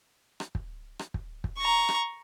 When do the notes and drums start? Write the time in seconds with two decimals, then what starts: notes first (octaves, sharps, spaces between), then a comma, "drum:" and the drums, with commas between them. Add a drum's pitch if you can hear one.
0.40 drum: rim click
0.55 drum: kick
0.99 drum: rim click
1.14 drum: kick
1.44 drum: kick
1.59 A#5 C#6
1.89 drum: rim click